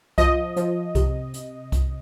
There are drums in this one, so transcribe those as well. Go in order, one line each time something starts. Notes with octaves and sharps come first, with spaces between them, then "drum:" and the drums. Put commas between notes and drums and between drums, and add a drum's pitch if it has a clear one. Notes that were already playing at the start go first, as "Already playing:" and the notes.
F3 D#5, drum: kick, hi-hat
F3, drum: hi-hat
C3, drum: kick, hi-hat
drum: hi-hat
drum: kick, hi-hat